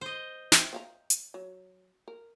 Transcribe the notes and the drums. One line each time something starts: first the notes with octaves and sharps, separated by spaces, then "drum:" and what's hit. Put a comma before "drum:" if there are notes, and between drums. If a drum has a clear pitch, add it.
C5 D#5
C4 E5, drum: snare
C4 F5 A#5
drum: hi-hat
F#3
A#4